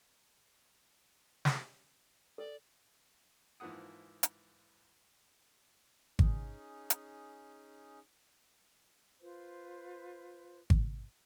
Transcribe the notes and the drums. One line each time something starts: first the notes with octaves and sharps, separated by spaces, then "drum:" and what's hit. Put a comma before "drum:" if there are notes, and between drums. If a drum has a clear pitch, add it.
drum: snare
A4 D5
G#2 E3 F3 A#3 F#5 D#6
drum: hi-hat
C#4 D#4 G#4, drum: kick G#1
drum: hi-hat
F4 B4 C5
drum: kick G#1